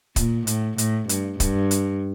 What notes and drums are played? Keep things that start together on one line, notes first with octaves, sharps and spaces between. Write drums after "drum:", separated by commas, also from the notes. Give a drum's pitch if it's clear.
A#2, drum: kick, hi-hat
A2, drum: hi-hat
A2, drum: hi-hat
G2, drum: hi-hat
G2, drum: kick, hi-hat
drum: hi-hat